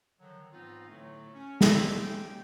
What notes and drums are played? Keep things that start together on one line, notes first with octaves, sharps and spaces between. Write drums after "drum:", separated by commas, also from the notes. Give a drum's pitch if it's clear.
D3 D#3 F3 F#3
G#2 E3 B3 C4 D#4 F4
A2 D3 F#3 A3
C#4
E4 C5 D5 B5 C6 E6, drum: snare
C#4 D#4 G4 G5